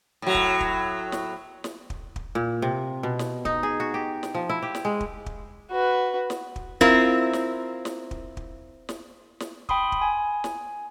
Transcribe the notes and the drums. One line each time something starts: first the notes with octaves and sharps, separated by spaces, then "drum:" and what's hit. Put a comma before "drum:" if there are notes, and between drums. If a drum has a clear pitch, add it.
A2 F#3
drum: kick
drum: kick
drum: snare
drum: snare
drum: kick
drum: kick
A#2
C3
B2
drum: snare
D#4, drum: kick
G#4
F#4
G4
drum: snare
F3
E4
G4
drum: snare
G#3
drum: kick
drum: kick
F#4 B4
drum: snare
drum: kick
C4 E4 F4 A#4, drum: kick
drum: snare
drum: snare
drum: kick
drum: kick
drum: snare
drum: snare
G5 B5 C6 D#6, drum: kick
drum: kick
G#5
drum: snare